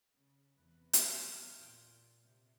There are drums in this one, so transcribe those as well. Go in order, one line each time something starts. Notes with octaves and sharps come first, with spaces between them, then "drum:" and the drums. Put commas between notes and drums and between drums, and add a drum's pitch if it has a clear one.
C#3
E2 C3 B4
B5, drum: hi-hat
F#5 F6
A#2 F4 G5
C3